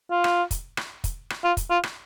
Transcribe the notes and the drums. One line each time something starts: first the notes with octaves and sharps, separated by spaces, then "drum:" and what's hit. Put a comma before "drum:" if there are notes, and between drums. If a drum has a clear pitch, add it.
F4
drum: rim click
drum: kick, hi-hat
drum: rim click
drum: kick, hi-hat
drum: rim click
F4
drum: kick, hi-hat
F4
drum: rim click